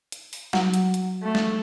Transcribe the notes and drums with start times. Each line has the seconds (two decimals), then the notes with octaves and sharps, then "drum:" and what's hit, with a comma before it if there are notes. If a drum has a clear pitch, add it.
0.12 drum: hi-hat
0.33 drum: open hi-hat
0.53 F#3, drum: snare
0.74 drum: hi-hat
0.94 drum: hi-hat
1.23 A3
1.35 drum: snare